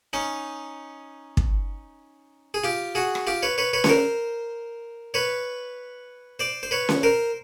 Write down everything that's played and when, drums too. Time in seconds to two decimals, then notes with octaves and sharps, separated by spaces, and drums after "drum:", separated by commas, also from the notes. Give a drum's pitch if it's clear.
0.13 C#4 D#4
1.37 drum: kick
2.54 G#4
2.64 F4 G4
2.95 F#4 G#4
3.15 drum: rim click
3.27 F4 G4
3.43 B4 C#5
3.58 B4 C#5
3.73 B4 C#5
3.84 C#5, drum: snare C#4
3.89 A#4 C5
5.14 B4 C#5
6.39 C5 D5
6.63 C5
6.71 B4 C#5
6.89 drum: snare C#4
7.03 A#4 C5